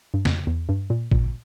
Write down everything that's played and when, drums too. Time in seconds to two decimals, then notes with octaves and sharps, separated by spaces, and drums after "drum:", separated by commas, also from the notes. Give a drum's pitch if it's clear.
0.14 G2
0.25 F2, drum: snare
0.47 E2
0.69 G2
0.90 A#2
1.12 A#2, drum: kick A1